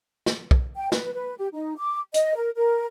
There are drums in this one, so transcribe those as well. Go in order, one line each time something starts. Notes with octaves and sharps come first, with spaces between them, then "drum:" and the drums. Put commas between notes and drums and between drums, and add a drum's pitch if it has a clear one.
drum: snare
drum: kick
G5
B4, drum: snare
B4
G4
D#4
D6
D#5, drum: hi-hat
A#4
A#4